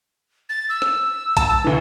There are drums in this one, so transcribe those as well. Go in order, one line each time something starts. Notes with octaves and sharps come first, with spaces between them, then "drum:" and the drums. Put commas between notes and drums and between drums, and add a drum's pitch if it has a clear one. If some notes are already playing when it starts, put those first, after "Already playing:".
A6
E6
drum: rim click
A5, drum: kick A#1, hi-hat
D2 E3